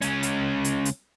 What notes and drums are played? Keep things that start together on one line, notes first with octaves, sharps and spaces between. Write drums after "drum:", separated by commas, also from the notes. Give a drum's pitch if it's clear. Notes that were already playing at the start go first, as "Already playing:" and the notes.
C#2 C#4, drum: hi-hat
drum: hi-hat
drum: hi-hat
drum: hi-hat